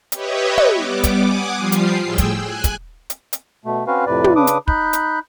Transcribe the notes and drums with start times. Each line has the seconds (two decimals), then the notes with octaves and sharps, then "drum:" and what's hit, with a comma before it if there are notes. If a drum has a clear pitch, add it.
0.12 G4 B4 C#5 D#5 E5, drum: hi-hat
0.58 drum: tom
0.72 G3 B3 D6
1.03 drum: kick, hi-hat
1.22 F#5 G#5 D6 D#6
1.56 F3 G3 F4 C7
1.72 drum: hi-hat
2.03 A2 G#4 G5 E6
2.18 drum: kick, hi-hat
2.36 G#5 F#6
2.64 drum: kick, hi-hat
3.10 drum: hi-hat
3.33 drum: hi-hat
3.65 B2 A3
3.87 C4 C#4 F#4 B4 F5
4.06 F2 A2 C3 B4 D5
4.24 drum: tom
4.36 C#3 D4 B4 D6 D#6
4.47 drum: hi-hat
4.68 D#4 B5 F#6 G6, drum: kick
4.93 drum: hi-hat